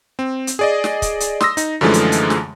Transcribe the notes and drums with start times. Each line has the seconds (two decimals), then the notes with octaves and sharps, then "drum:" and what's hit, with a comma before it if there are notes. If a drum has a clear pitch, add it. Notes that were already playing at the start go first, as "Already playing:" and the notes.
0.19 C4
0.47 drum: hi-hat
0.59 G#4 D5 D#5
0.84 drum: snare
1.02 drum: kick, hi-hat
1.20 drum: hi-hat
1.41 C6 D#6 E6 A#6, drum: snare
1.57 D#4, drum: hi-hat
1.81 F#2 D3 E3 F3 G#3 A3
1.94 drum: hi-hat
2.12 drum: hi-hat
2.30 drum: snare